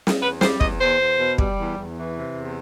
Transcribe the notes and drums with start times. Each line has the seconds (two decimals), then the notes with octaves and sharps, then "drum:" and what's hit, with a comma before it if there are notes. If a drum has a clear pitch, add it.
0.07 drum: snare
0.22 E2 B4
0.41 G3 C5, drum: snare
0.61 E2 D#5, drum: kick
0.81 E2 C5
1.00 E2
1.19 B2
1.38 G3, drum: kick
1.58 E2
1.77 E2
1.98 E3
2.16 C3
2.36 E2